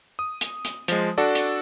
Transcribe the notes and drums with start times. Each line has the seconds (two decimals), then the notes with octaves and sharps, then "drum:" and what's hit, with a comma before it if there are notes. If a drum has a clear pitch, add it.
0.19 D#6
0.41 drum: hi-hat
0.65 drum: hi-hat
0.88 F3 G#3, drum: hi-hat
1.18 D4 F#4 A4 D5
1.35 drum: hi-hat